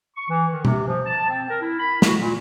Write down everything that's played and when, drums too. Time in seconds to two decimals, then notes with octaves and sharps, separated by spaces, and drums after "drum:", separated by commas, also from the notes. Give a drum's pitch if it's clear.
0.16 C#6
0.30 E3
0.53 D#3
0.65 C3, drum: tom B2
0.87 F3
1.06 A5
1.29 C4
1.49 A#4
1.61 E4
1.79 B5
2.02 F#4, drum: snare
2.20 A#2